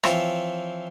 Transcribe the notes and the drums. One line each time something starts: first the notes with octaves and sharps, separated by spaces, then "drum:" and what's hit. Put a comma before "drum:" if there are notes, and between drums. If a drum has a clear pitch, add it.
E3 F3 C4 F4 C#5 E5, drum: rim click